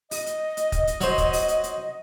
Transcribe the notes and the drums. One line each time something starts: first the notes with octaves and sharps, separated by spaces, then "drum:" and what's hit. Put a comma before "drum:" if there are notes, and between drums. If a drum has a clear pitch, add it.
D#5, drum: open hi-hat
drum: hi-hat
drum: hi-hat
drum: kick, hi-hat
drum: hi-hat
F#3 C5, drum: hi-hat
drum: kick, hi-hat
drum: open hi-hat
drum: hi-hat
drum: hi-hat